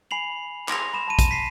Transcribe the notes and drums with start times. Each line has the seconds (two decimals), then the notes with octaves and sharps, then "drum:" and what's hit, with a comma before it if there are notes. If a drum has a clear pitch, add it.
0.11 G#5 B5 C7 F7 F#7
0.69 C6 A#6 F7, drum: clap
0.93 B5 E7
1.08 A5 D#7
1.19 drum: kick, hi-hat
1.31 B6 C7 D#7